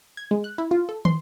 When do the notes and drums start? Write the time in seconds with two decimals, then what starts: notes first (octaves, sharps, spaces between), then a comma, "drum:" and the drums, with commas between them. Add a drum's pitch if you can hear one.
0.17 G#6
0.31 G#3
0.44 F#6
0.58 E4
0.71 F4
0.89 A4
1.05 C6, drum: tom